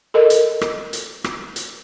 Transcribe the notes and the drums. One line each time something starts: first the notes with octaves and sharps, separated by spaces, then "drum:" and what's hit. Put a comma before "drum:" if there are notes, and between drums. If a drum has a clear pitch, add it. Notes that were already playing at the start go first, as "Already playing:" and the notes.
A4 A#4 D#5
drum: hi-hat
drum: rim click
drum: hi-hat
drum: rim click
drum: hi-hat